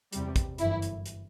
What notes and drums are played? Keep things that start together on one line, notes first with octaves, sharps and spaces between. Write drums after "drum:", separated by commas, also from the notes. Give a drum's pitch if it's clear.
E2 C3 G3, drum: hi-hat
drum: kick, hi-hat
G1 F#2 E3 E4, drum: hi-hat
drum: hi-hat
drum: hi-hat